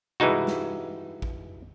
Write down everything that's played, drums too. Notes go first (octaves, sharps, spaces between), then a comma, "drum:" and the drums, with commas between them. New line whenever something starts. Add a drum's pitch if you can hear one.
G2 E3 G#3 D#4 F#4, drum: tom C3
drum: snare
drum: kick A1